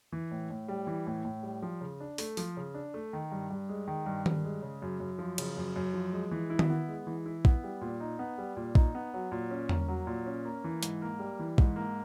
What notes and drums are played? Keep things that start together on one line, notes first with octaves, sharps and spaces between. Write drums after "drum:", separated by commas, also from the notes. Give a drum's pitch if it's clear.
E3
A2
A2
G3
E3
A2
A2
G3
F3
C#3
D4
A3, drum: open hi-hat
F3, drum: open hi-hat
C#3
D4
A3
D#3
G2
G2
G#3
D#3
G2
G2, drum: tom D#3
G#3
C#3
F#2
F#2
F3
C#3, drum: cymbal
F#2
F#2
F3
G#3
E3
E4
drum: tom D#3
B3
G#3
E3
E4
B3, drum: kick A#1
G3
A#2
D#4
B3
G3
A#2
D#4, drum: kick A#1
B3
F#3
A#2
C#4
A#3, drum: tom E2
F#3
A#2
C#4
A#3
E3
G#2, drum: hi-hat
A#3
G3
E3
G#2, drum: kick A#1
A#3